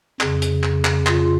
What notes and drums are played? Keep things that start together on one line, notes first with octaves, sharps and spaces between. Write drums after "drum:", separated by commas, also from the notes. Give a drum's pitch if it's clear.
F2 C#3, drum: clap
drum: hi-hat
drum: clap
drum: clap
F4, drum: clap